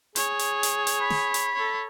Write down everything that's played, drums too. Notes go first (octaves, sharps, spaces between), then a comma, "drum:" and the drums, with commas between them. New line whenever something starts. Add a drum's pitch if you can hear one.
G#4 C#5, drum: hi-hat
drum: hi-hat
drum: hi-hat
drum: hi-hat
B5
drum: snare
drum: hi-hat
A4 C#5